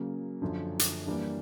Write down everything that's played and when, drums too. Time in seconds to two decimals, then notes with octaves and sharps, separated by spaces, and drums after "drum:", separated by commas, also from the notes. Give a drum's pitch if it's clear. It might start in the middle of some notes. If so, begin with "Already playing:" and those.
Already playing: C#3 F#3 A#3
0.42 F#2 D3 F3
0.79 drum: hi-hat
1.07 E3 G3 A#3 D4